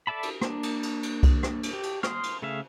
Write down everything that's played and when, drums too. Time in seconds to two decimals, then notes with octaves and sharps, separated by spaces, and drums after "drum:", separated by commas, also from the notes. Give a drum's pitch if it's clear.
0.07 A4 D5 E5 A5 B5
0.23 drum: cymbal
0.41 A#3 D4, drum: rim click
0.63 drum: cymbal
0.83 drum: cymbal
1.03 drum: cymbal
1.23 drum: kick C2, cymbal
1.43 drum: rim click
1.63 drum: cymbal
1.73 G4
1.83 drum: cymbal
2.03 C6 D#6 F6, drum: rim click
2.23 drum: cymbal
2.42 C#3 A3 G#4 E5 F5